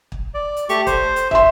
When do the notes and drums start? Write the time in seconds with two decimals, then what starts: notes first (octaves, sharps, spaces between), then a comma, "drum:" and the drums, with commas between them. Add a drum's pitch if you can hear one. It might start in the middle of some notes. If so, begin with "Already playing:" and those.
0.12 drum: kick
0.34 D5
0.57 drum: hi-hat
0.69 A3 G4 C#6, drum: hi-hat
0.87 C5, drum: kick, hi-hat
1.16 drum: hi-hat
1.31 C#4 E5 C6, drum: kick